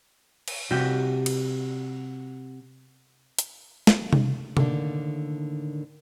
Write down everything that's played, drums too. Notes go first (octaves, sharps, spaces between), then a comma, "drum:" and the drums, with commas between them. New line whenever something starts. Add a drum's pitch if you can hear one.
drum: cymbal
C3 G3 F#4 G4
drum: cymbal
drum: hi-hat
drum: snare
drum: tom C3
A2 D3 D#3 A#3 D4, drum: tom C3